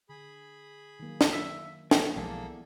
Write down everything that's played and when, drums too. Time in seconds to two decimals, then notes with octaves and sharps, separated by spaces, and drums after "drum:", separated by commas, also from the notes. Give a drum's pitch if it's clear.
0.09 D3 G#4 B5
0.99 D#3 F#3 A#3
1.21 drum: snare
1.33 F4 E5
1.91 F2 A#3 G#4 C5 D#5, drum: snare
2.16 B1 E2 F3 G#3 A#3 G#4 A4 D5